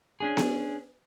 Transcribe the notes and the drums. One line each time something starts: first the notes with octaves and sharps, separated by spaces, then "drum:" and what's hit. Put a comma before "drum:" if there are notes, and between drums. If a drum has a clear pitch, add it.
C#4 D4 G#4
drum: snare B3